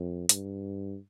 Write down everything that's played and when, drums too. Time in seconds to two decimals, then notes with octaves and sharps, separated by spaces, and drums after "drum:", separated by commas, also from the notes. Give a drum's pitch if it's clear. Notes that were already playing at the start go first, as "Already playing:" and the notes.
Already playing: F2
0.29 G2, drum: hi-hat